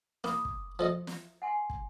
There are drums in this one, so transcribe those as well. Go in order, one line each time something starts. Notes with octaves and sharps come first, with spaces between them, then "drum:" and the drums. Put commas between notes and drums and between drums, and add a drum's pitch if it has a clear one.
A#3 B5 D6 D#6, drum: snare
drum: kick
F3 A4 D#5
drum: snare
F#5 G#5 C6
drum: kick